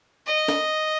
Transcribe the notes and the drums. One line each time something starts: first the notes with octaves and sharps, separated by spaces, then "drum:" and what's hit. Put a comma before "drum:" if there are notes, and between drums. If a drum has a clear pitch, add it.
D#5
drum: snare